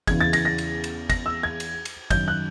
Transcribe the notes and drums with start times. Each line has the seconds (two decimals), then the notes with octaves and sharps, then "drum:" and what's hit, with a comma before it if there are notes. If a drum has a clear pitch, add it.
0.07 E2 C#3 E3 G#6, drum: kick, cymbal
0.21 A6
0.33 A#6, drum: cymbal
0.45 A#6
0.58 drum: cymbal
0.84 drum: cymbal
1.10 A#6, drum: kick, cymbal
1.26 E6
1.43 G#6
1.60 drum: cymbal
1.85 drum: cymbal
2.11 F#2 D#3 G6, drum: kick, cymbal
2.28 F#6